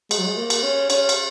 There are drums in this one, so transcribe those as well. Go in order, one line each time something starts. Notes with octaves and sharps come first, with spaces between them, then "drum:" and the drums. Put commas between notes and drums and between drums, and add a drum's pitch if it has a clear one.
G#3, drum: cymbal
F#3
G#3
A#3
drum: cymbal
C#4
C#4, drum: cymbal
drum: cymbal